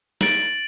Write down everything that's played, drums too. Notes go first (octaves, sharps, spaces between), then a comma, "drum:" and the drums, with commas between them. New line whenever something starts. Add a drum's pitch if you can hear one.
A6 D7 F#7, drum: snare